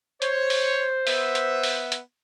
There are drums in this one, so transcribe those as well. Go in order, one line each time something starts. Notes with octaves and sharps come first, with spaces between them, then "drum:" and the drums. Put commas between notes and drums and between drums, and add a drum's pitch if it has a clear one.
C5 C#5, drum: hi-hat
drum: open hi-hat
B3 E5, drum: open hi-hat
drum: hi-hat
drum: open hi-hat
drum: hi-hat